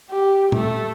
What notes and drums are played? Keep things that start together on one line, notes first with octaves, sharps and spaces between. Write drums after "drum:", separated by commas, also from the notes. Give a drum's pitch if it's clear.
G4
A3, drum: tom